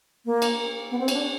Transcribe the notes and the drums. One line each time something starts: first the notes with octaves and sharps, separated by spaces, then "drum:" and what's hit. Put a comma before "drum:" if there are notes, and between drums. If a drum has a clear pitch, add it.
A#3
drum: cymbal
B3
C4
C#4, drum: cymbal
D4